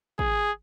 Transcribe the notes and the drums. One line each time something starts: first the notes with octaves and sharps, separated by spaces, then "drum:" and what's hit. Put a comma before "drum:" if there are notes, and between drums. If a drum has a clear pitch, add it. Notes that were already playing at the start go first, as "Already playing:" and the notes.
G#4, drum: kick